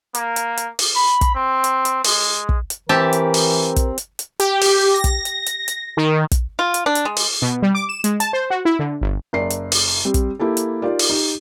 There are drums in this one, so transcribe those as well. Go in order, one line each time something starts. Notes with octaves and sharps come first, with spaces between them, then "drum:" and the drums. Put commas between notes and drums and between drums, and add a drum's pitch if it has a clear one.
A#3, drum: hi-hat
drum: hi-hat
drum: hi-hat
drum: open hi-hat
B5
drum: kick, hi-hat
C4
drum: hi-hat
drum: hi-hat
G#3, drum: open hi-hat
drum: kick
drum: hi-hat
E3 C4 G4 A#4 E5 A5
drum: hi-hat
drum: open hi-hat
drum: kick, hi-hat
drum: hi-hat
drum: hi-hat
G4, drum: hi-hat
drum: open hi-hat
A#6
drum: kick, hi-hat
drum: hi-hat
drum: hi-hat
drum: hi-hat
D#3
drum: kick, hi-hat
F4
drum: hi-hat
D4
drum: hi-hat
G#3
drum: open hi-hat
B2
G3
D6
E7
G#3, drum: hi-hat
A5, drum: hi-hat
C5
F#4
E4
D3
G1
F#1 D5 C7
drum: hi-hat
drum: open hi-hat
G3 C4
drum: kick, hi-hat
A#3 E4 G4 A4
drum: hi-hat
D#4 F4 G4 A#4 D5
drum: open hi-hat
D#4 G4